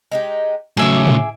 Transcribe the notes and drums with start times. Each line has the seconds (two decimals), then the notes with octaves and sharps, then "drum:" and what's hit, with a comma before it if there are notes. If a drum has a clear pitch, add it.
0.12 G#3 D#4 G4
0.77 A2 C#3 F#3 G#4 C#5 E5 D6
1.07 drum: tom A2